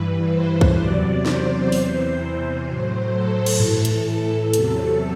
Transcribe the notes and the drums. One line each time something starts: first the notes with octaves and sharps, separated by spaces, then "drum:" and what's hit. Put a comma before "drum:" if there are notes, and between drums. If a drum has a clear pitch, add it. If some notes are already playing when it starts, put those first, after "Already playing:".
Already playing: G2 E3 B4
C5
drum: kick
E2 C3 F#3 D5
C5, drum: snare
E2 C3 E3 C5, drum: open hi-hat
A2 F#3
A4
drum: cymbal
A2 E3, drum: tom G2
drum: hi-hat
E2 C3 F#3, drum: hi-hat